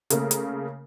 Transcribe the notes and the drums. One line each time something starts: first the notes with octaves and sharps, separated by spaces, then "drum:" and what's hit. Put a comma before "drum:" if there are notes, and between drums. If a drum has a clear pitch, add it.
C#3 A3 A#3 A#4, drum: hi-hat
drum: hi-hat